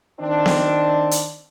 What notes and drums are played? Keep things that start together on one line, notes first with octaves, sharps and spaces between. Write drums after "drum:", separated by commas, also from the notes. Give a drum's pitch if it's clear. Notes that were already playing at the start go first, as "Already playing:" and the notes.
D#3 C4 D4
drum: snare B3
drum: hi-hat